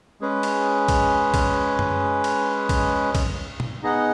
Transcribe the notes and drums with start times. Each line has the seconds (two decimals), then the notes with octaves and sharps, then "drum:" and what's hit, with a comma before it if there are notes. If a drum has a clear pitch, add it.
0.21 G#3 C#4 G#4 B4
0.43 drum: cymbal
0.88 drum: kick B1, cymbal
1.34 drum: kick B1, cymbal
1.79 drum: tom F#2
2.24 drum: cymbal
2.69 drum: kick B1, cymbal
3.15 drum: kick B1, cymbal
3.60 drum: tom
3.83 B3 D#4 G#4 D#5 F#5